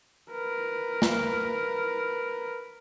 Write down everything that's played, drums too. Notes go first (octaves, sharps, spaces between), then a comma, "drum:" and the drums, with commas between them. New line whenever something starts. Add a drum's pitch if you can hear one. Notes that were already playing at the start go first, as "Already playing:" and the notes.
A#4 B4
drum: snare